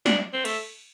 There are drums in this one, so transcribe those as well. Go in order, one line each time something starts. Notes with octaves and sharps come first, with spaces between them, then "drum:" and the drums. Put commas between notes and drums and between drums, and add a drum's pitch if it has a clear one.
D4, drum: snare
C4
A3, drum: cymbal